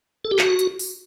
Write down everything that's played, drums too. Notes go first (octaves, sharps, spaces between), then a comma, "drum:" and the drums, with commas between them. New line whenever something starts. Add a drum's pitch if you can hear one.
A4
G4
F#4, drum: clap
drum: hi-hat
drum: open hi-hat